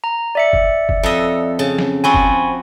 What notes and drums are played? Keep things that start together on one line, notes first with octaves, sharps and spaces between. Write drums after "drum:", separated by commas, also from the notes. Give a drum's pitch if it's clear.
A#5
D5 E5 C#7
drum: kick F#1
drum: kick F#1
F2 A4 D#5
C#3 A5
drum: snare
F3 C4 F#4 G#5 B5 C#6
drum: kick F#1